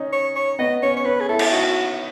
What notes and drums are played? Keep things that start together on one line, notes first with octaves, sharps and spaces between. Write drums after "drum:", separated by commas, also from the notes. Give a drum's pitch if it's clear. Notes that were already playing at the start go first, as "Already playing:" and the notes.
Already playing: C#4 D#4
C#5
C#5
B3 D#5
C#4 C#5
C#5
C#4 B4
G#4
E4 A4
drum: cymbal
D#4 F#4